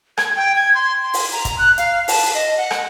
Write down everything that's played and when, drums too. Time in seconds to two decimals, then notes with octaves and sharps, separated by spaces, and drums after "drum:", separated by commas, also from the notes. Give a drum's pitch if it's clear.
0.18 G#6, drum: rim click
0.36 G5
0.56 G#6
0.75 C6
1.03 C6
1.14 drum: open hi-hat
1.32 A#5
1.45 drum: kick, hi-hat
1.58 F#6
1.78 F5, drum: hi-hat
2.08 A5, drum: open hi-hat
2.35 D#5
2.58 F#5
2.71 drum: rim click